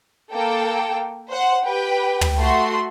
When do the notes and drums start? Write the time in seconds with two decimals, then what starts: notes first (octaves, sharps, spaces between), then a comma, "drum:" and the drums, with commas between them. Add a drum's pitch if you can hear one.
0.33 A#3 A4 G5
1.29 C5 F#5
1.64 G4 B4 G5
2.21 drum: tom
2.37 A3 F#4 C6